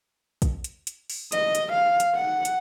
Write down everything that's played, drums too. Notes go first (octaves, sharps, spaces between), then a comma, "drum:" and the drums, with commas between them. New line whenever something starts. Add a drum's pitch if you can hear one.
drum: kick, hi-hat
drum: hi-hat
drum: hi-hat
drum: open hi-hat
D#5, drum: hi-hat
drum: hi-hat
F5
drum: hi-hat
F#5
drum: hi-hat